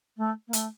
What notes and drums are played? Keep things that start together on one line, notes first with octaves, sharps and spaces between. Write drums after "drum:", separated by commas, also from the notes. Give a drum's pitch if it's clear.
A3
A#3
A3, drum: hi-hat